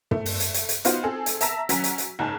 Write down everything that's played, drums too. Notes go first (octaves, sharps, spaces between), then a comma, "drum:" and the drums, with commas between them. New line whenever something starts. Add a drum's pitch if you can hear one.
A3, drum: tom
drum: open hi-hat
drum: hi-hat
drum: hi-hat
drum: hi-hat
B3 D#4 F4 F#4 C5, drum: hi-hat
C4 G#4 A4
drum: hi-hat
E5 A5 A#5 E6 A#6 B6, drum: hi-hat
F#3 C#4 F#4 G#5 A#5 B6, drum: hi-hat
drum: hi-hat
drum: hi-hat
F#1 G#2 G#4 A5